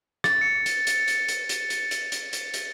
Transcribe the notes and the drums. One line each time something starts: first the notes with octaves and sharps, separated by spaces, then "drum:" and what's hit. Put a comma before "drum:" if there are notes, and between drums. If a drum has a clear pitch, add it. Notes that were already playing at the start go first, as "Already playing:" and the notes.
A6, drum: rim click
C#7
drum: hi-hat
drum: hi-hat
drum: hi-hat
drum: hi-hat
drum: hi-hat
drum: hi-hat
drum: hi-hat
drum: hi-hat
drum: hi-hat
drum: hi-hat